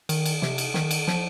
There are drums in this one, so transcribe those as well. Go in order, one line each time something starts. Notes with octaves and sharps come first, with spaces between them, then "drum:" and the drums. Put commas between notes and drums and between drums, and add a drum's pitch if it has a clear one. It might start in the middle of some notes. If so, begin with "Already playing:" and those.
D#3, drum: cymbal
drum: cymbal
C3, drum: snare
drum: cymbal
D#3, drum: snare
drum: cymbal
F3, drum: snare